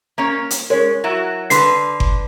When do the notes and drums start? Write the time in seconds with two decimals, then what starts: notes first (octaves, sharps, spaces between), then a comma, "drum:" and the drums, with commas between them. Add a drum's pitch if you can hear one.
0.18 A#3 C#4 C#5
0.51 drum: hi-hat
0.70 G#3 C#4 A#4 C#5
1.04 F#3 E4 F#4
1.50 D3 B4 C6 C7, drum: hi-hat
2.00 drum: kick G1